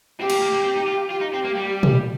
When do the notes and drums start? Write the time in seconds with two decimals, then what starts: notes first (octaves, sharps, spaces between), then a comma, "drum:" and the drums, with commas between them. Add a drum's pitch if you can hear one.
0.19 C4 G4
0.30 A#3, drum: cymbal
0.42 A#3
0.53 A#3
0.64 C4
0.76 D#4
0.87 F4
1.10 F4 G4
1.21 D#4
1.33 C4
1.44 A#3
1.55 G3
1.83 drum: tom A#2